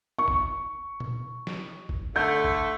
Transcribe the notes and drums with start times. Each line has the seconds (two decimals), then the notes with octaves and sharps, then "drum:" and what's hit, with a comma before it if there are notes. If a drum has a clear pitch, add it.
0.19 C#6
0.28 drum: kick
1.00 drum: tom
1.47 drum: snare
1.89 drum: kick
2.16 D3 A3 G6
2.44 drum: kick